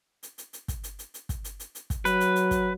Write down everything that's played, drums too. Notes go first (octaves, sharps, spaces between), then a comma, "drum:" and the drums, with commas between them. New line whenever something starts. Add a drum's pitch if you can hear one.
drum: hi-hat
drum: hi-hat
drum: hi-hat
drum: kick, hi-hat
drum: hi-hat
drum: hi-hat
drum: hi-hat
drum: kick, hi-hat
drum: hi-hat
drum: hi-hat
drum: hi-hat
drum: kick, hi-hat
F#3 B4, drum: hi-hat
drum: hi-hat
drum: hi-hat
drum: kick, hi-hat